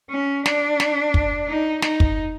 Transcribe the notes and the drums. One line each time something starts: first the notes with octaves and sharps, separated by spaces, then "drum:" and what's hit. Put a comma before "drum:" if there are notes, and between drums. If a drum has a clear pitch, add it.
C#4
D4, drum: snare
drum: snare
drum: kick
D#4
D#4, drum: snare
drum: kick